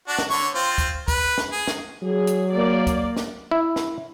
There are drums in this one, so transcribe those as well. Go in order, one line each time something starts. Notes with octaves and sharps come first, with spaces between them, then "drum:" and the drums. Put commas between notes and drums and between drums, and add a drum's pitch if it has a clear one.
D4 F#4
drum: snare
D3 C#5 C#6
C4 F4
drum: kick, hi-hat
B4, drum: kick, hi-hat
drum: snare
G#4
drum: snare
F#3 G#4
drum: hi-hat
A#3 D5
drum: kick, hi-hat
drum: snare
E4
drum: snare